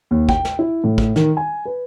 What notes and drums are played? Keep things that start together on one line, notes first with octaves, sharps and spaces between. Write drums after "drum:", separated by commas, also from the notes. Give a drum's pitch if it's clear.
D#2
G5, drum: kick
drum: snare
E4
A2
drum: kick
D#3, drum: snare
G#5
B4